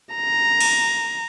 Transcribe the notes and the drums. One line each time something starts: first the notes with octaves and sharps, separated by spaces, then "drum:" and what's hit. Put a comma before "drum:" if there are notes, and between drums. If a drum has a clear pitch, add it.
A#5
drum: cymbal